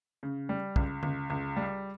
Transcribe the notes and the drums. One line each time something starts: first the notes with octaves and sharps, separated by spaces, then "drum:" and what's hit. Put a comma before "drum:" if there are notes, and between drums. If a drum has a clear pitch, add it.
C#3
G3
C#2, drum: kick
C#2, drum: tom
C#2
G3